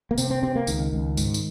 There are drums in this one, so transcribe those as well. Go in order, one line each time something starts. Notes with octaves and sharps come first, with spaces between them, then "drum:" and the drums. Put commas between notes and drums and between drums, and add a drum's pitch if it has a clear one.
A#3
C3 C4, drum: tambourine
C4
C3 C4
A#3
C#2 D#3, drum: tambourine
C#2
G#2, drum: tambourine
drum: tambourine